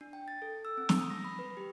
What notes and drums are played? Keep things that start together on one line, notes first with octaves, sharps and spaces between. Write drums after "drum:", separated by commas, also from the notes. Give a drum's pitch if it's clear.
D4
G5
A6
A4
E6
C4
drum: snare
D#6
A#6
B5
B4
G4